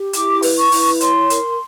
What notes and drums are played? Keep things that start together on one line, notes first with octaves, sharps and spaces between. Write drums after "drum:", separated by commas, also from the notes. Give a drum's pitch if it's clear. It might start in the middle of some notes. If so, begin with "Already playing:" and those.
Already playing: G4
E4 D6, drum: hi-hat
B4, drum: open hi-hat
C#6
E4, drum: open hi-hat
C#5 C6, drum: hi-hat
A#4, drum: hi-hat